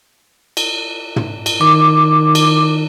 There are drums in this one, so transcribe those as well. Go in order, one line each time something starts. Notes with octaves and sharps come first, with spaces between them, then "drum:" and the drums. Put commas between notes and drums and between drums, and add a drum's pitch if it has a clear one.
drum: cymbal
drum: tom
drum: cymbal
D#3 D6
drum: cymbal